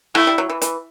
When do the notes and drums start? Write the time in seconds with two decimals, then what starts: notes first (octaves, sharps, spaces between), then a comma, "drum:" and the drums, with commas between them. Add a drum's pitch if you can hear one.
0.15 A3 E4, drum: rim click
0.27 G3
0.38 F#3
0.50 E3
0.62 E3, drum: hi-hat